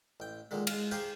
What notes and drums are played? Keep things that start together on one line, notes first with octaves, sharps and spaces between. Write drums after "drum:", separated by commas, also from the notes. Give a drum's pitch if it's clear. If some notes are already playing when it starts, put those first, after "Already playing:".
A1 G5
A#2 D3 D#3 G#3
G#3 F5, drum: cymbal
G4 G#4 C5 F5 G5 A#5